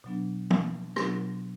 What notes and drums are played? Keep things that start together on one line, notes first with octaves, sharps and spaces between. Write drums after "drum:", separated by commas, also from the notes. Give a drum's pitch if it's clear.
B2 F#3 B3 D4
drum: tom
B2 F#3 B3 D4, drum: rim click